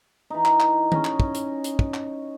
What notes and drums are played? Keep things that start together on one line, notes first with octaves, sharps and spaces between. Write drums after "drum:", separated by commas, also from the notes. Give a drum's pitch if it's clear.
E3 D#4
drum: clap
drum: clap
C#4 D#5, drum: tom D#3
drum: clap
drum: kick
drum: hi-hat
drum: hi-hat
drum: kick
drum: clap